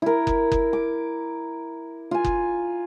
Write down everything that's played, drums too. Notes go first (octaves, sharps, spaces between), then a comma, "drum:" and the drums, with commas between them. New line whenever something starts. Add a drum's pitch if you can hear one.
E4 A#4
drum: kick F#1
drum: kick F#1
D6
F4 G#5
drum: kick F#1